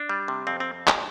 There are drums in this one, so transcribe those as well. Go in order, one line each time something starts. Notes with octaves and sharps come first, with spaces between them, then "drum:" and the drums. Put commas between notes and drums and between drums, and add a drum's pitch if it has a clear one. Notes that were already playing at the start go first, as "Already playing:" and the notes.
Already playing: D4
G3
C3
F2 C4
C4
drum: clap